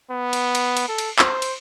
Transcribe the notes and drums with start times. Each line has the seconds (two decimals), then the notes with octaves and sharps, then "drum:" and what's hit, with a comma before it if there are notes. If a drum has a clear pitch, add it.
0.11 B3
0.33 drum: cymbal
0.55 drum: cymbal
0.77 drum: cymbal
0.89 A4
0.98 drum: cymbal
1.19 C5, drum: clap
1.42 drum: cymbal